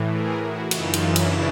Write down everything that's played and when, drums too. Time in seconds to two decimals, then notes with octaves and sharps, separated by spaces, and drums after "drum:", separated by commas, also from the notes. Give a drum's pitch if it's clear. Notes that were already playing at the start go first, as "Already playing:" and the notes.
Already playing: A2 E3
0.11 G#4 A#4
0.41 E4 F#4
0.71 F#2 C#3 E3 D#4 F4, drum: cymbal
0.93 drum: cymbal
1.16 D4 E4, drum: cymbal